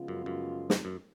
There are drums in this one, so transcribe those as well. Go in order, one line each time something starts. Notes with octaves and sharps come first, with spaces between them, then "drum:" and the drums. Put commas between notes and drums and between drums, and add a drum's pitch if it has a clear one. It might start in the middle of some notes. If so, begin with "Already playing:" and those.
Already playing: C#3 F3 G#3 B3 F4
F#2
F#2
drum: snare
F#2